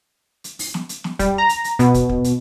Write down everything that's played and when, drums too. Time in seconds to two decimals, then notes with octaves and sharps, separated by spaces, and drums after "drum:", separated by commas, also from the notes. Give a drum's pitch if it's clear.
0.44 drum: hi-hat
0.59 drum: open hi-hat
0.74 drum: snare
0.89 drum: hi-hat
1.04 drum: snare
1.19 G3, drum: kick, hi-hat
1.38 A#5
1.49 drum: hi-hat
1.64 drum: hi-hat
1.79 B2, drum: hi-hat
1.94 drum: kick, hi-hat
2.09 drum: kick
2.24 drum: hi-hat